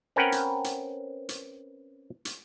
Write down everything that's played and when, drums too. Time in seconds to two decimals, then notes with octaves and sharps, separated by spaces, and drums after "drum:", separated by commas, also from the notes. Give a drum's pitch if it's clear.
0.16 C4 C#4 A#4 B4 F#5 G5
0.32 drum: hi-hat
0.64 drum: hi-hat
1.29 drum: hi-hat
2.25 drum: hi-hat